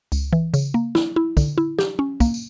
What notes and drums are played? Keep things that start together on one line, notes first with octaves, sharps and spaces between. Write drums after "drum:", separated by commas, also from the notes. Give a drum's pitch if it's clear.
C#2, drum: tambourine
E3
C#3, drum: tambourine
A#3
E4, drum: snare
E4
D3, drum: kick, tambourine
E4
G4, drum: snare
C#4
A#3, drum: kick, tambourine
drum: tambourine